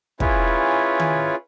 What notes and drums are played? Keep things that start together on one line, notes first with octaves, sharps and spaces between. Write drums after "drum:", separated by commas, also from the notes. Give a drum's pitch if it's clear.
C#4 E4 F4 G#4 B4 C#5, drum: kick
drum: tom D#3